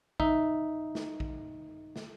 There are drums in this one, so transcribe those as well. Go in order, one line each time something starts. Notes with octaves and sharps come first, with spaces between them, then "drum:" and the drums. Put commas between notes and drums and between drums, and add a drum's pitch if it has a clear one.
D#4 E5, drum: kick A#1
drum: snare
drum: kick A#1
drum: snare